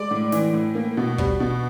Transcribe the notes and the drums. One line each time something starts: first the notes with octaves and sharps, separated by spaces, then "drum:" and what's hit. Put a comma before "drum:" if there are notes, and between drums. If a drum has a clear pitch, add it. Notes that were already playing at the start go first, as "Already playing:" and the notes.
Already playing: G#3 D5
A2
E3, drum: snare
A2
A#3
B2
G3, drum: kick
B2